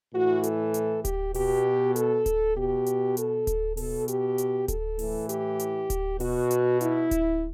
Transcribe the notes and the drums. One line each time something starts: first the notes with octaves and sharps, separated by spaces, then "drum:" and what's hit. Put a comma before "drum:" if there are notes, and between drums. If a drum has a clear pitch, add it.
A2 E3 F#4
A4, drum: hi-hat
drum: hi-hat
G4, drum: kick D1, hi-hat
B2 G4, drum: open hi-hat
A4, drum: hi-hat
drum: kick D1, hi-hat
B2 G4
drum: hi-hat
A4, drum: hi-hat
drum: kick D1, hi-hat
B2 A4, drum: open hi-hat
G4, drum: hi-hat
drum: hi-hat
A4, drum: kick D1, hi-hat
A2 E3, drum: open hi-hat
G4, drum: hi-hat
drum: hi-hat
drum: kick D1, hi-hat
B2 F#4, drum: open hi-hat
drum: hi-hat
E4, drum: hi-hat
drum: kick D1, hi-hat